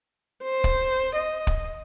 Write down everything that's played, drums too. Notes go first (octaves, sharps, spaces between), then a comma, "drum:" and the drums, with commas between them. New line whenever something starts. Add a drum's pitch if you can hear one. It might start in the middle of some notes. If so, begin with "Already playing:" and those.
C5
drum: kick
D#5
drum: kick